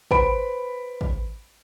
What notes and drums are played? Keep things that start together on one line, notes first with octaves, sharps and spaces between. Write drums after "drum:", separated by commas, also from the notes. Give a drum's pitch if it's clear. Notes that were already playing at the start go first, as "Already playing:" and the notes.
B4 C5 B5 D7, drum: kick
drum: kick